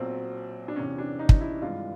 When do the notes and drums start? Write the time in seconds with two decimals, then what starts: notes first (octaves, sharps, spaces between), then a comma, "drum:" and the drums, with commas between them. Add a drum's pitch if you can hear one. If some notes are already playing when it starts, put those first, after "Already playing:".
Already playing: B1 A#2 F#3 C4
0.68 D4
0.76 E2 C3 E3 C#4
0.98 D4
1.19 D#4
1.29 drum: kick
1.41 E4
1.62 G#1 G2 E3 G#3 F4